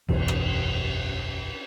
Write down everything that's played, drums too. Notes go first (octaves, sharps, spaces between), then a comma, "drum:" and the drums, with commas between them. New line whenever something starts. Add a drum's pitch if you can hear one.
F#1 B1 E2, drum: cymbal
drum: rim click